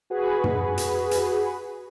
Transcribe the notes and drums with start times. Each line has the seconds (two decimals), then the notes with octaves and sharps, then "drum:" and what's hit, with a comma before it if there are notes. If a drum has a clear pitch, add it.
0.10 F#4 G#4 B4
0.44 drum: tom
0.78 drum: hi-hat
1.11 drum: hi-hat